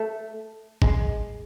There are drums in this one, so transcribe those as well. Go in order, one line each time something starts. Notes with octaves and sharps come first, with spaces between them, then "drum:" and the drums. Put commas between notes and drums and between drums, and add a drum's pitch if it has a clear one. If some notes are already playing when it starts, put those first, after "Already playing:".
Already playing: A3
G#3, drum: kick